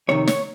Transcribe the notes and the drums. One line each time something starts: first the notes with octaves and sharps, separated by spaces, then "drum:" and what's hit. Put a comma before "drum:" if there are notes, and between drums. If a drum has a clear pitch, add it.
F2 C3 D#3 C#5
C#5, drum: snare